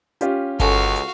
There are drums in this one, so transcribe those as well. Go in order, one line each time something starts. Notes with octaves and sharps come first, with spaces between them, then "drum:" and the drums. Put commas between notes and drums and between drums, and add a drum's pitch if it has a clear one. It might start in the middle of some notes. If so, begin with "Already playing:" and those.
C#4 F4 G4, drum: hi-hat
C#2 F#4 A4 F5 G#5 A5, drum: kick G1, hi-hat
drum: hi-hat